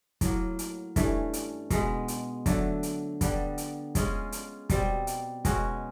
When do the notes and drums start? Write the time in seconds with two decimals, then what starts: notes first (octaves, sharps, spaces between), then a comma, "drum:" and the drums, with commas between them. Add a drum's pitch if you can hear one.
0.21 A2 F#3 A#3, drum: kick, hi-hat
0.59 drum: hi-hat
0.96 G2 E3 A3 C#4, drum: kick, hi-hat
1.33 drum: hi-hat
1.70 B2 G#3 B3, drum: kick, hi-hat
2.08 drum: hi-hat
2.46 D3 F#3 A3, drum: kick, hi-hat
2.83 drum: hi-hat
3.21 D3 G3 B3, drum: kick, hi-hat
3.58 drum: hi-hat
3.95 G#3 C#4 F4 G#4, drum: kick, hi-hat
4.32 drum: hi-hat
4.70 B2 G3 C4, drum: kick, hi-hat
5.07 drum: hi-hat
5.45 B2 G#3 C#4 F#4, drum: kick, hi-hat